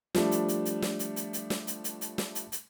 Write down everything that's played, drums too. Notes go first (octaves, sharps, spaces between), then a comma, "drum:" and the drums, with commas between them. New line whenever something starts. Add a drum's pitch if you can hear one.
F3 G3 A3 D4, drum: snare
drum: hi-hat
drum: hi-hat
drum: hi-hat
drum: snare
drum: hi-hat
drum: hi-hat
drum: hi-hat
drum: snare
drum: hi-hat
drum: hi-hat
drum: hi-hat
drum: snare
drum: hi-hat
drum: hi-hat